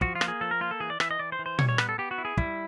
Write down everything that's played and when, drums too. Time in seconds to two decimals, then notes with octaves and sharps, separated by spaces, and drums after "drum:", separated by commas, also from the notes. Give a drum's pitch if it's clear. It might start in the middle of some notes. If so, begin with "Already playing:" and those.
0.01 F3 F#4, drum: kick
0.15 F4
0.21 A#3, drum: rim click
0.28 G#4
0.41 F3 A4
0.51 A#4
0.61 A#3 F4
0.71 A4
0.80 E3 G#4
0.90 D5
1.00 E3 E5, drum: rim click
1.11 D#5
1.19 E3 D5
1.32 C5
1.39 E3
1.46 C5
1.59 G3 C#5, drum: tom A#2
1.69 C#5
1.78 B3 B4, drum: rim click
1.89 A4
1.98 B3 G4
2.11 F#4
2.18 E4
2.25 G#4
2.37 G3 E4, drum: kick